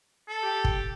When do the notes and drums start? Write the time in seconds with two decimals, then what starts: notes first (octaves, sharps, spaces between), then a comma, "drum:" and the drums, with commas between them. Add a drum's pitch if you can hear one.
0.28 A4
0.42 G4
0.64 drum: kick